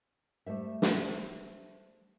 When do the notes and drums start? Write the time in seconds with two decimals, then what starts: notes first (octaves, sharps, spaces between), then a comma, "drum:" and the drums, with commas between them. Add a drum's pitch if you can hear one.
0.46 G3 A3 C5 E5
0.82 drum: snare